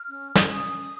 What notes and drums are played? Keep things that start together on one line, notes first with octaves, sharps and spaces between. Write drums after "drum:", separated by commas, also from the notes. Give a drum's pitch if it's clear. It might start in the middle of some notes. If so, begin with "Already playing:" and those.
Already playing: F6
C#4
C#4 D#6, drum: snare
C#4